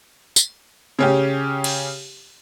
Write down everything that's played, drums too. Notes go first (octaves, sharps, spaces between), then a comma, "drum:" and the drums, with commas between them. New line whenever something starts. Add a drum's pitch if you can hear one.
drum: tambourine
C#3 C#4 G4
drum: cymbal